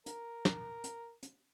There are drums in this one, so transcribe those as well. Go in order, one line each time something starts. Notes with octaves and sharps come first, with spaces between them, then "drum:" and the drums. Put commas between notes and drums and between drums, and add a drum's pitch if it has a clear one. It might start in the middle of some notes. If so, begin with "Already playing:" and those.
A#4, drum: hi-hat
drum: snare
drum: hi-hat
drum: hi-hat